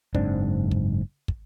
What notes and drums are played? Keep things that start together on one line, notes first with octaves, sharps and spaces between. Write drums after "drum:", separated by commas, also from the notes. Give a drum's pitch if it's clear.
F#1 G#2 C4 D4, drum: kick
drum: kick
drum: kick